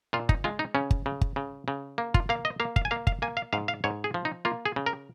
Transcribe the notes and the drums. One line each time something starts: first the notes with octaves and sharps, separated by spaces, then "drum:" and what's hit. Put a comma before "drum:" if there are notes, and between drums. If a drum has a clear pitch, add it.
A#2 F4
D#4, drum: kick G1
G#3 F4
D#4
C#3 C#4
drum: kick G1
C#3
drum: kick G1
C#3
C#3
A#3
F4, drum: kick G1
A#3 F5
D#5
A#3 F5
F5, drum: kick G1
G#5
A#3 F5
F5, drum: kick G1
A#3 G#5
F5
G#2 F5
F5
G#2 C#5
G#4
F3
D#4
A#3 F4
G#4
C#3
A#4